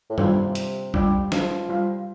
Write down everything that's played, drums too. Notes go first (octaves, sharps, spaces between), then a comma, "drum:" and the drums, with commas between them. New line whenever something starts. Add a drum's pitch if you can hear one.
A2
C3 G3 D4 F4 C5 G5, drum: tom G2
drum: hi-hat
G3 D4 F4 D5 G5, drum: kick B1
F3, drum: snare
G3 F4 C5 F5